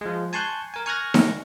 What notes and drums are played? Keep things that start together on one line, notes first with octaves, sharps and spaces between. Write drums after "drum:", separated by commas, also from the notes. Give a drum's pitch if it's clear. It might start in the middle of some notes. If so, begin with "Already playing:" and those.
F3 G#3
G#5 A5 C6 C#6 F#6 G6
A#4 G#5
G#5 C#6 F6 F#6 G#6 A#6
drum: snare D#4